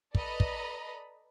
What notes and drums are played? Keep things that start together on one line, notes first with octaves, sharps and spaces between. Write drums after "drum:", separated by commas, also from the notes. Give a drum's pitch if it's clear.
A4 B4 D5 D#5 A#5 B5, drum: kick
drum: kick